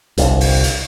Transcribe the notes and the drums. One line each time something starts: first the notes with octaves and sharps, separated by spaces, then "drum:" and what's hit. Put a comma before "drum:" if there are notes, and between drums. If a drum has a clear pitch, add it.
G1 C2 G2, drum: hi-hat
drum: open hi-hat
drum: hi-hat